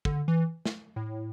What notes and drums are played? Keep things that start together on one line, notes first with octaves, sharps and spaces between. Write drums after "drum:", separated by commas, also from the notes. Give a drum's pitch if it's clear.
D3, drum: kick
E3
drum: snare
A2